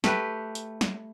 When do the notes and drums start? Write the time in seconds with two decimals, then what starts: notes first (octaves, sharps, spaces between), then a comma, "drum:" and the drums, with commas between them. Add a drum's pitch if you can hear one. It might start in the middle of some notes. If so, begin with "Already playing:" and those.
0.04 A3 G4 B4, drum: snare
0.55 drum: hi-hat
0.81 drum: snare